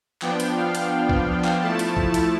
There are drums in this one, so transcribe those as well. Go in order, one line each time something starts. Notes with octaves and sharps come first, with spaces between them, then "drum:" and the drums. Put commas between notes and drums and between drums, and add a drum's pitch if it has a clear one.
F3 B3 D4 G5, drum: clap
drum: hi-hat
F5
drum: hi-hat
drum: kick C2
drum: clap
F3 A3 E4 A5
drum: hi-hat
drum: kick C2
drum: hi-hat